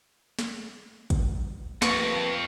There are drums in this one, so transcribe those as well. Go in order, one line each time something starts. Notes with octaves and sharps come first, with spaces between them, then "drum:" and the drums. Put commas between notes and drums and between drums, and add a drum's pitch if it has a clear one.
drum: snare
drum: kick, hi-hat
F2 C3 A#3 B4 C#6, drum: snare